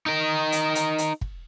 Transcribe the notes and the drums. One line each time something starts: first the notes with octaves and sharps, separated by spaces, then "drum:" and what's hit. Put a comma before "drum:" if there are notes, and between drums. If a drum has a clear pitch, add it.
D#4 A#4
drum: hi-hat
drum: hi-hat
drum: hi-hat
drum: kick